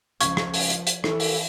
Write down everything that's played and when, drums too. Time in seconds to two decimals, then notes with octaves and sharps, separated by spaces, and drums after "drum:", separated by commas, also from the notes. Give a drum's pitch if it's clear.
0.21 C#2 F3 C#6 G#6, drum: hi-hat
0.37 drum: rim click
0.54 drum: open hi-hat
0.70 drum: hi-hat
0.87 drum: hi-hat
1.04 E3 E4 A4, drum: rim click
1.20 drum: open hi-hat